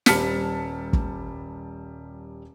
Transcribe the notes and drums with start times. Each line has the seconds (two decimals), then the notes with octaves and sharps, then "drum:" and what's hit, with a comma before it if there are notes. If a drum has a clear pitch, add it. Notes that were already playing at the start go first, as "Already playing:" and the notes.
0.06 D#1 G3 A5 F6 B6 C#7, drum: snare
0.93 drum: kick